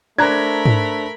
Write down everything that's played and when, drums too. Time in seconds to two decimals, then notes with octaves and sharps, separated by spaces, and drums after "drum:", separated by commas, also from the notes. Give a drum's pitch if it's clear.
0.18 A3 D4 A#4 C5 A#5 B5 F#6 G#6
0.66 drum: tom G#2